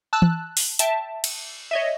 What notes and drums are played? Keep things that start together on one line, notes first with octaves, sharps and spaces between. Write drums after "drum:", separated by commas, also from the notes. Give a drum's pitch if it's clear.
A5 E6 F#6
drum: tom E3
drum: open hi-hat
E5 G5 A5, drum: hi-hat
drum: cymbal
C#5 D#5 E5